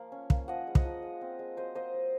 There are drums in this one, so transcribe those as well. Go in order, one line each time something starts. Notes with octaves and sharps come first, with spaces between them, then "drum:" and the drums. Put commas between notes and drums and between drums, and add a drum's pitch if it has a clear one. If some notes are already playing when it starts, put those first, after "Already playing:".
Already playing: F3 A#3 F5
C#4
A#3, drum: kick
F3 D#5 F#5
G#3
D#5 F#5, drum: kick
F3
G#3
C4
G#3
F#3 C5 D#5
A#3 C5 D#5
F#3